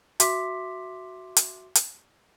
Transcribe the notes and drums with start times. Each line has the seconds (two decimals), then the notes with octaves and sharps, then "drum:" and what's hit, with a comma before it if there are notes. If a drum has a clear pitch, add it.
0.20 F#4 E5 C6 D6 B6, drum: hi-hat
1.36 drum: hi-hat
1.75 drum: hi-hat